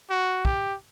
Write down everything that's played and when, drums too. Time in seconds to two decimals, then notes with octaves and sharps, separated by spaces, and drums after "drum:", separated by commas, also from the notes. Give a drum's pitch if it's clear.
0.10 F#4
0.45 G4, drum: kick